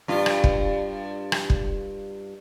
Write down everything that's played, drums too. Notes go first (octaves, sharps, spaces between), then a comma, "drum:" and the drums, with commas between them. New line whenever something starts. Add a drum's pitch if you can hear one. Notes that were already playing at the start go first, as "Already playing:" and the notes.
G2 F4
drum: rim click
drum: kick
drum: rim click
drum: kick